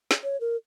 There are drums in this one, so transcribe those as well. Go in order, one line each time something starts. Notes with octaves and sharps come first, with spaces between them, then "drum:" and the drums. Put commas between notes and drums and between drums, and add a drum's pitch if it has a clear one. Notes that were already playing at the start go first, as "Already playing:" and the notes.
drum: snare
C#5
A#4